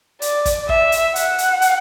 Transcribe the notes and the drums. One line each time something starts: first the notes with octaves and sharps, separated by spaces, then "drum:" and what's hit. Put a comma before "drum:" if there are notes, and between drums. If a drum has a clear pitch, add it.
D5, drum: hi-hat
drum: kick, hi-hat
E5, drum: kick
drum: hi-hat
F#5, drum: hi-hat
drum: hi-hat
drum: hi-hat